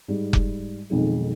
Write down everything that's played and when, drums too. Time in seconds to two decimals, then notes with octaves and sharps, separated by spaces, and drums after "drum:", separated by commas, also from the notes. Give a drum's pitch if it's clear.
0.08 G#2 G3
0.33 drum: kick F1
0.90 B1 F2 D#3 G#3